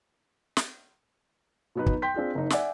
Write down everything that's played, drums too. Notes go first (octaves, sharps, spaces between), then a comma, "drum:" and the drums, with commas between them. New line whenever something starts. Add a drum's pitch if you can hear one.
drum: snare
B2 F#3 B3 D#4 B4
drum: kick
G5 C6 G6 B6
C4 D4 F4 G#4
F#1 D#4
D5 E5 F#5 G#5 D6 E6, drum: snare